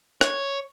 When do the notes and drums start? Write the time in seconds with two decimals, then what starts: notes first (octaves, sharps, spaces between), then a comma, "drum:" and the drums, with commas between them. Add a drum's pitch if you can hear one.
0.21 C#5, drum: rim click